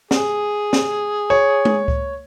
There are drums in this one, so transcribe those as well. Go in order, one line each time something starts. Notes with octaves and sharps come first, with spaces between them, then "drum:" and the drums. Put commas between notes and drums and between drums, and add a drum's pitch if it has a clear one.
G#4, drum: snare
drum: snare
C#5
drum: tom G#3
drum: kick C#2